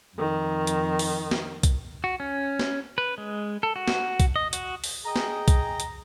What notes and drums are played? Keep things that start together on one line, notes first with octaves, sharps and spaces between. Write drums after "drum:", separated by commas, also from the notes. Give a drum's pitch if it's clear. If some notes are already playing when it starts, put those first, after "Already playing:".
F2 D#3
drum: hi-hat
drum: open hi-hat
drum: snare
drum: kick B1, hi-hat
F#4
C#4
drum: snare
B4
G#3
A4
F#4
drum: snare
drum: kick B1, hi-hat
D#5
F#4, drum: hi-hat
drum: open hi-hat
G#4 D#5 G5 A#5
drum: snare
drum: kick B1, hi-hat
drum: hi-hat